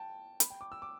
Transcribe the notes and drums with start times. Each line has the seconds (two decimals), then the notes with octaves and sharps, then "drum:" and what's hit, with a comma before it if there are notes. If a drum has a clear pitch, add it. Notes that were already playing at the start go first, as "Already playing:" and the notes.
Already playing: G5 A5
0.40 B5, drum: hi-hat
0.50 G5
0.61 D6
0.72 E6
0.82 D6